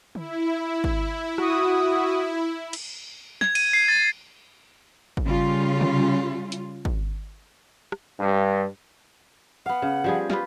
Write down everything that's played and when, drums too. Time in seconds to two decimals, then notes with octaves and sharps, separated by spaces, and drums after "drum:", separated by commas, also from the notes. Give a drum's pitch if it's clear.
0.15 E4, drum: tom D3
0.84 drum: kick
1.38 F#4 D#6, drum: rim click
2.73 drum: cymbal
3.41 G#6, drum: snare
3.55 D#7, drum: cymbal
3.73 C7
3.88 A6
5.17 drum: kick
5.26 C#3 G3 F4
5.81 drum: tom C3
6.52 drum: hi-hat
6.85 drum: kick
7.92 drum: rim click
8.20 G2
9.66 B3 F5 F#5
9.82 C#3
10.04 F3 G3 G#4
10.30 F4 G4 B4, drum: snare